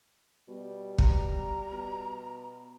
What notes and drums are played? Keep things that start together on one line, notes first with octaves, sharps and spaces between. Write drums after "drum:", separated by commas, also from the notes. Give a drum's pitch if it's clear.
B2 G3
A#5, drum: kick
B2